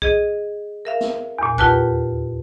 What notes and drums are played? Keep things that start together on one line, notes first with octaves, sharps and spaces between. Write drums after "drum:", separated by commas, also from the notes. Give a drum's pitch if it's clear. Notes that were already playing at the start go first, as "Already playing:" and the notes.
G#4 D#5, drum: kick B1
A#4 E5 F5
drum: snare
E2 A#2
D#2 F4 G4 B4 A5 F#6, drum: kick B1